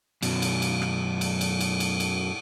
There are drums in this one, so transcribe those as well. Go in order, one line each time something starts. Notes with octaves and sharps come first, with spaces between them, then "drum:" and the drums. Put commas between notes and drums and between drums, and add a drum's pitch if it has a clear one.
F#2 B2, drum: cymbal
drum: cymbal
drum: cymbal
drum: rim click
drum: cymbal
drum: cymbal
drum: cymbal
drum: cymbal
drum: cymbal